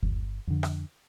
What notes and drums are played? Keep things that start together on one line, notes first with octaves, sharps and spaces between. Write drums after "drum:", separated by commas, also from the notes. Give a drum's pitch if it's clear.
G1, drum: kick D#2
F2 D3
drum: rim click